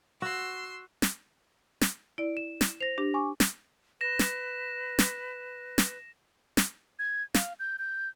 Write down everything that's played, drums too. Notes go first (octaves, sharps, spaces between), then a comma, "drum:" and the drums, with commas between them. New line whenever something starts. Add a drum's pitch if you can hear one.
F#4 C6 E6
drum: snare
drum: snare
E4 D5 D7
E7
drum: snare
C5 A#6 F7
D4 G4
G#5 C#6 D6
drum: snare
B4 A#6 E7
drum: snare
drum: snare
drum: snare
drum: snare
G#6
F5, drum: snare
G6
G6